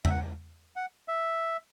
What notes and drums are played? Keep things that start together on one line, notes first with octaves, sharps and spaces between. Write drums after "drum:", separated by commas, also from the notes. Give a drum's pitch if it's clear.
E5, drum: tom E2
F#5
F#5
E5